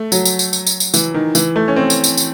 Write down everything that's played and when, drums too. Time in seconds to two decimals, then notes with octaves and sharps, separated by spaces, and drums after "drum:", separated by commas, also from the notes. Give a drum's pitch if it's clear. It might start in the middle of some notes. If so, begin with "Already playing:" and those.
Already playing: A3
0.12 F#3, drum: tambourine
0.25 drum: tambourine
0.39 drum: tambourine
0.53 drum: tambourine
0.67 drum: tambourine
0.80 drum: tambourine
0.94 E3, drum: tambourine
1.14 D#3
1.35 E3, drum: tambourine
1.56 A3
1.68 C#4
1.76 C4
1.90 drum: tambourine
2.04 drum: tambourine
2.17 drum: tambourine